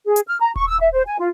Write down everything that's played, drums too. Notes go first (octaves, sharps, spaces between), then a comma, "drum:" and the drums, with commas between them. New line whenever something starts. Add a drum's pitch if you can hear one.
G#4
drum: hi-hat
F6
A#5
C#6, drum: kick D#1
E6
E5
C5
G#5
F4